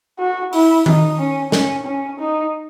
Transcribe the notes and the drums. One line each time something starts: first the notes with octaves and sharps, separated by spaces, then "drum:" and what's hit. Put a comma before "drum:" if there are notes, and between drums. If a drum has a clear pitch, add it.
F#4
E4, drum: open hi-hat
D#4, drum: tom D#3
C#4
C#4, drum: snare
C#4
D#4